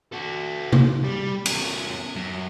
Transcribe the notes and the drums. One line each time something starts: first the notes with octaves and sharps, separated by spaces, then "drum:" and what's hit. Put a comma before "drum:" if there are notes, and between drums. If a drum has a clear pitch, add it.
F#4 A4
drum: tom C3
G3
E2 C#4, drum: cymbal
F#2